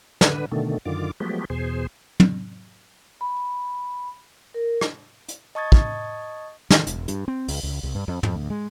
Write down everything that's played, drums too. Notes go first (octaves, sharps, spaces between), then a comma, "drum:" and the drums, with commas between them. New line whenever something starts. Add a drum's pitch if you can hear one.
D3 B4, drum: snare
B2 D3 D#3 A3
F#2 D3 D#3 F4 D6
F3 F#3 G#3 A3 B3 G4
E2 B2 G#4 C5
drum: tom
B5
A#4
drum: rim click
drum: hi-hat
D#5 A5 C#6 D#6 G#6 A6
drum: kick
D#3, drum: snare
E1, drum: hi-hat
G2, drum: hi-hat
C4
C#2, drum: open hi-hat
C#2
C2
G2
F2
F2, drum: tom
D2
G#3